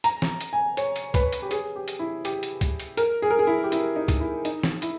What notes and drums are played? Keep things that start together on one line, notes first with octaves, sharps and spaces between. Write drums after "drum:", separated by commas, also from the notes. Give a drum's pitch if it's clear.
A#5, drum: hi-hat
drum: snare
drum: hi-hat
G#5
C#5, drum: hi-hat
drum: hi-hat
B4, drum: kick, hi-hat
drum: hi-hat
G4
G#4, drum: hi-hat
G4
drum: hi-hat
E4
G4, drum: hi-hat
drum: hi-hat
drum: kick, hi-hat
drum: hi-hat
A#4, drum: hi-hat
G#4
A#4
G#4
E4
G4
E4, drum: hi-hat
D#4
drum: kick, hi-hat
E4
D#4, drum: hi-hat
drum: snare
E4, drum: hi-hat